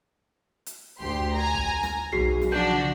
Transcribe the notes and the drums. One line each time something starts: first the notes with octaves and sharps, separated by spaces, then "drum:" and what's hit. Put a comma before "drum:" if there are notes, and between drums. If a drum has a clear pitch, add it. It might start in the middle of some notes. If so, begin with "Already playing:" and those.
drum: hi-hat
D2 G4 C6
G#5 A#5
drum: kick
drum: snare
B1 F#4 G#4 C7
drum: snare
F3 D4 F#4 G6
drum: tom C#3